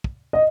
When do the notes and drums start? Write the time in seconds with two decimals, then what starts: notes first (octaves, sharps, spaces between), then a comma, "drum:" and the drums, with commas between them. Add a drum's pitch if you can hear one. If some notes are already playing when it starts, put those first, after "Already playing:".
0.04 drum: kick
0.33 D#5